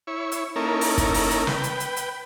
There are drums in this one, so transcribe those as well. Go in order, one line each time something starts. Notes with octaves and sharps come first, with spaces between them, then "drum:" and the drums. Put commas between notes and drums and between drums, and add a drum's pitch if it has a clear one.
E4 C#5
drum: hi-hat
A#3 C#4 D#4 E4 A4 A#4
drum: open hi-hat
drum: kick, hi-hat
drum: open hi-hat
drum: hi-hat
B4 G5, drum: snare
drum: hi-hat
drum: hi-hat
drum: hi-hat